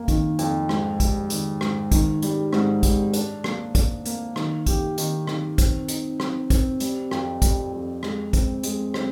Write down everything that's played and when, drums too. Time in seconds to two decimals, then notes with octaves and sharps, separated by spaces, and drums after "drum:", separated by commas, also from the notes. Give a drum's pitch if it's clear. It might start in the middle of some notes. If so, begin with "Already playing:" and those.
Already playing: F2 A#3
0.08 D#3, drum: kick, hi-hat
0.39 F2, drum: hi-hat
0.69 G#2, drum: rim click
1.00 G3, drum: kick, hi-hat
1.30 D#3, drum: hi-hat
1.61 G#2, drum: rim click
1.92 D#3, drum: kick, hi-hat
2.22 G3, drum: hi-hat
2.53 G#2, drum: rim click
2.83 G3, drum: kick, hi-hat
3.13 D4, drum: hi-hat
3.44 A#3, drum: rim click
3.75 D4, drum: kick, hi-hat
4.06 A#3, drum: hi-hat
4.36 D#3, drum: rim click
4.66 G4, drum: kick, hi-hat
4.98 D#3, drum: hi-hat
5.27 D#3, drum: rim click
5.58 C4, drum: kick, hi-hat
5.88 D#4, drum: hi-hat
6.20 C4, drum: rim click
6.50 C4, drum: kick, hi-hat
6.80 G3, drum: hi-hat
7.11 F2, drum: rim click
7.42 G3, drum: kick, hi-hat
7.72 F2
8.03 G#3, drum: rim click
8.33 C4, drum: kick, hi-hat
8.63 G#3, drum: hi-hat
8.94 C4, drum: rim click